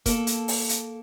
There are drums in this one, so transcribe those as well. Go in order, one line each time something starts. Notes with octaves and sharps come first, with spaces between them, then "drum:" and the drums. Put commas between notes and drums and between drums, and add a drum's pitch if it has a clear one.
A#3 A4, drum: kick, hi-hat
drum: hi-hat
drum: open hi-hat
drum: hi-hat